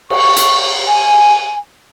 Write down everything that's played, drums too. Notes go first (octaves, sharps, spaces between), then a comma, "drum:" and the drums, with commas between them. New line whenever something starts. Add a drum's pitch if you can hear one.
C#6, drum: cymbal
drum: hi-hat
G#5